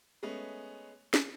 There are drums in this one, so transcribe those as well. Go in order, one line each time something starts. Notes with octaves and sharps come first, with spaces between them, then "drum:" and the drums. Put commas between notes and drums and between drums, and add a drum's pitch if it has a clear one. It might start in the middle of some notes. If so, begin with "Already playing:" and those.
G#3 A3 B3 C#4
drum: snare